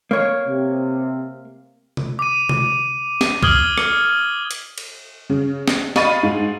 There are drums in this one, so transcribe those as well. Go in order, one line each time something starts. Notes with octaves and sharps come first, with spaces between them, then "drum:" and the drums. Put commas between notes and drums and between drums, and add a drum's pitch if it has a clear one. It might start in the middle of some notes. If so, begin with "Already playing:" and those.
A#3 C#5
C3
drum: tom C3
D6 D#7
drum: tom C3
drum: snare
D6 D#6 F6 G#6 F#7 G7, drum: kick
drum: rim click
drum: hi-hat
drum: cymbal
C#3
drum: snare
D#5 F5 B5 C#6 A6 D#7, drum: snare
G#2